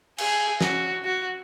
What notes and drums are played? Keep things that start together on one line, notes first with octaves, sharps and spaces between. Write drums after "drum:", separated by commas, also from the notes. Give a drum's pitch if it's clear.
G#4, drum: cymbal
F#4, drum: snare
F#4